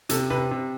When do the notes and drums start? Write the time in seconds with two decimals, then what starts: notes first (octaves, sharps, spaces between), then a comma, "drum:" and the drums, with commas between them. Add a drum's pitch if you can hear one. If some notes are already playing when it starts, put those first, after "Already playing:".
0.09 C3 A4, drum: hi-hat
0.30 C3 B4
0.51 C3